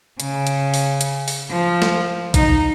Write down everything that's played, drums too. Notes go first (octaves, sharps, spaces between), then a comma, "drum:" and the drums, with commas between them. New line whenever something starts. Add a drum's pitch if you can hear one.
C#3, drum: hi-hat
drum: hi-hat
drum: open hi-hat
drum: hi-hat
drum: open hi-hat
F3
drum: snare
D#4, drum: kick, hi-hat